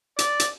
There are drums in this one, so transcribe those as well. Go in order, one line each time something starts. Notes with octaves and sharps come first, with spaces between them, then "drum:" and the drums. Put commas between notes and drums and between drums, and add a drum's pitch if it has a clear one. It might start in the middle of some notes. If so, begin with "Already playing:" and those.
D5, drum: hi-hat
drum: hi-hat